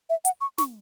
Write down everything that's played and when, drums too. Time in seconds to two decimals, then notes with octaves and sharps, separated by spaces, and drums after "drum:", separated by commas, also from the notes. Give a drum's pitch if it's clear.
0.10 E5
0.25 F#5, drum: hi-hat
0.41 C#6
0.58 C#6, drum: snare